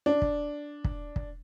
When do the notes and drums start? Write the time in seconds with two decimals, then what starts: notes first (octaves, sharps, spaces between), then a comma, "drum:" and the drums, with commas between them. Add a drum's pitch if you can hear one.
0.06 D4
0.22 drum: kick
0.84 drum: kick
1.16 drum: kick